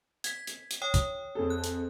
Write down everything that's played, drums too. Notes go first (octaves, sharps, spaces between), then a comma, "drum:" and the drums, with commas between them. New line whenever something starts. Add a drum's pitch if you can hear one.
G#6 B6, drum: hi-hat
drum: hi-hat
drum: hi-hat
C#5 G5 D#6
drum: kick, hi-hat
F2 G#4 A4
F#6
drum: hi-hat